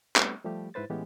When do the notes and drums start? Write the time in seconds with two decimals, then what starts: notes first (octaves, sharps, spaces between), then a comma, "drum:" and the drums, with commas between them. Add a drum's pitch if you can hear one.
0.16 G3 A3 B3 C4 D4, drum: clap
0.44 F3 G3 A3 G4
0.74 G#2 E4 B4 C5 A6
0.90 A2 E3 G#3 B3 C#4 G4